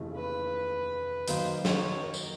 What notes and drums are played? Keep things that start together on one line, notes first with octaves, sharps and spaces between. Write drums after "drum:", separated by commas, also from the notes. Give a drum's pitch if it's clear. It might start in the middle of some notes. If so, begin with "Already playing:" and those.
Already playing: F1 D#2 C#3 E3 A3
B4
F#2 D#3 F#3 A#3 C5, drum: hi-hat
C#5, drum: snare
A#4
drum: tambourine